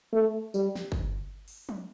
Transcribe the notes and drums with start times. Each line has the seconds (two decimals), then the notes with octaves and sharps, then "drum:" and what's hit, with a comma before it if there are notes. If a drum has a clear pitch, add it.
0.13 A3
0.54 G3, drum: tambourine
0.75 drum: snare
0.92 drum: kick
1.48 drum: open hi-hat
1.69 drum: tom